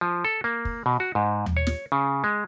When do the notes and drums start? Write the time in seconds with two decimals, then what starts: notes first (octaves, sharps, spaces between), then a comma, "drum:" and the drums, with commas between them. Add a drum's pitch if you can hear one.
0.01 F3
0.25 A4
0.44 A#3
0.65 drum: kick
0.86 B2
1.00 F#4
1.15 G#2
1.46 drum: tom D#2
1.57 C#5
1.67 drum: snare
1.92 C#3
2.24 G#3